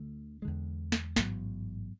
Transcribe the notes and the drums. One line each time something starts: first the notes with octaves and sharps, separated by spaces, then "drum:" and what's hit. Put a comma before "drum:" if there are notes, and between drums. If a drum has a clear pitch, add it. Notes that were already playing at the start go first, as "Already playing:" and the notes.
Already playing: D2 D3 A3
E2 D3 G#3
drum: snare
A1 G#2 F#3 B3, drum: snare